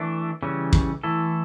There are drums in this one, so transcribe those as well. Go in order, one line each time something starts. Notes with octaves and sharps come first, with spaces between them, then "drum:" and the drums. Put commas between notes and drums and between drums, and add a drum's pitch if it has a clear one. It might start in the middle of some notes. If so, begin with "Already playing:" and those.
Already playing: E3 A3 D4
C#3 E3 G3 C#4
drum: kick
E3 A3 E4 A4